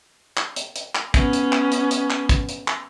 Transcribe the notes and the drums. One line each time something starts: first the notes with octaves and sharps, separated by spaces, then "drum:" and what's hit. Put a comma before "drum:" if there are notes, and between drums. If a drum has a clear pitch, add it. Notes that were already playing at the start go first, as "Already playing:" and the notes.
drum: clap
drum: hi-hat
drum: hi-hat
drum: clap
B3 C#4, drum: kick, hi-hat
drum: hi-hat
drum: clap
drum: hi-hat
drum: hi-hat
drum: clap
drum: kick, hi-hat
drum: hi-hat
drum: clap